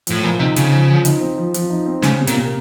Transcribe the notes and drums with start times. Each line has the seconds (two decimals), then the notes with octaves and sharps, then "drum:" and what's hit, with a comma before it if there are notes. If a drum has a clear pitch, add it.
0.07 A2 F3, drum: hi-hat
0.23 A#2 F3
0.39 C3 D#4
0.56 C#3 C4, drum: hi-hat
0.73 F3
0.89 F3
1.05 D#4, drum: hi-hat
1.21 C4
1.38 F3
1.54 F3, drum: hi-hat
1.70 D#4
1.86 C4
2.02 C#3 C#4, drum: snare
2.19 C3
2.27 A#2, drum: hi-hat
2.36 A#3